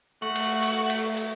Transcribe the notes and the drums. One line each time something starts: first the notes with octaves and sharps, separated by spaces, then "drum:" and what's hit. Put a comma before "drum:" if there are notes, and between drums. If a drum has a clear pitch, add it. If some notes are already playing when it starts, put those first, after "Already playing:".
A3 F#4
drum: cymbal
drum: cymbal
drum: cymbal
drum: cymbal